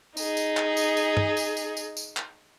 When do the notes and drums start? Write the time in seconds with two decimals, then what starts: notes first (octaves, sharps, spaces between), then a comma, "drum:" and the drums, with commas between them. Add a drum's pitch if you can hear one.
0.17 D#4 G#4, drum: tambourine
0.37 drum: tambourine
0.57 drum: clap
0.77 drum: tambourine
0.97 drum: tambourine
1.17 drum: tom G2
1.37 drum: tambourine
1.57 drum: tambourine
1.77 drum: tambourine
1.97 drum: tambourine
2.17 drum: clap